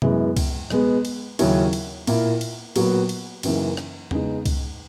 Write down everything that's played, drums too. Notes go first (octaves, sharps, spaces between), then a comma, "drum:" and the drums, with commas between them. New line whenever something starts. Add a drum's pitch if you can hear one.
F#2 E3 G#3 B3 E4, drum: tom C3
drum: kick C#2, cymbal
B2 G#3 B3, drum: rim click
drum: cymbal
D#2 C#3 F#3 C#4 E4, drum: cymbal
drum: cymbal
A#2 A#3 E4, drum: cymbal
drum: cymbal
A#2 F#3 B3 F#4 A#4, drum: cymbal
drum: cymbal
F#2 C#3 E3 A#3 D#4, drum: cymbal
drum: rim click
C#3 G#3 B3 D#4, drum: tom E2
drum: kick C#2, cymbal